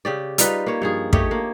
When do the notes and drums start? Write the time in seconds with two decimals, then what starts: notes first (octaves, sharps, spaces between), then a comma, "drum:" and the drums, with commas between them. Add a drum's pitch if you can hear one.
0.05 C#3 G4 D5
0.38 G3 D#4 F4 B4, drum: hi-hat
0.66 A#3 C#5
0.82 G2 F3 G#4
1.13 A3 G4 C#5 D#5, drum: kick
1.31 A#3